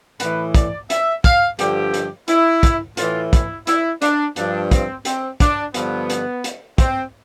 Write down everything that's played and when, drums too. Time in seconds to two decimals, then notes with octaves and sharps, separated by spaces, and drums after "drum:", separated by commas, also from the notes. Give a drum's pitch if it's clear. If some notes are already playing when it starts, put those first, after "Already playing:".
0.20 A2 E3 B4, drum: hi-hat
0.54 D5, drum: kick, hi-hat
0.90 E5, drum: hi-hat
1.24 F5, drum: kick, hi-hat
1.59 G2 D3 F3 G4, drum: hi-hat
1.94 drum: hi-hat
2.28 E4, drum: hi-hat
2.63 drum: kick, hi-hat
2.97 A2 E3 F4, drum: hi-hat
3.33 E4, drum: kick, hi-hat
3.67 E4, drum: hi-hat
4.02 D4, drum: hi-hat
4.36 G2 F3 D4, drum: hi-hat
4.71 C4, drum: kick, hi-hat
5.05 C4, drum: hi-hat
5.40 D4, drum: kick, hi-hat
5.74 G2 D3 F3 B3, drum: hi-hat
6.10 drum: hi-hat
6.44 drum: hi-hat
6.78 C4, drum: kick, hi-hat